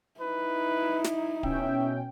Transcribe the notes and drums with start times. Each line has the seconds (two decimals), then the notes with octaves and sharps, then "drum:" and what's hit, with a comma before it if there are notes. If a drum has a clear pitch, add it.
0.21 D#4 E4 B4
1.04 drum: snare
1.43 B2 C#4 E5 G5, drum: kick D1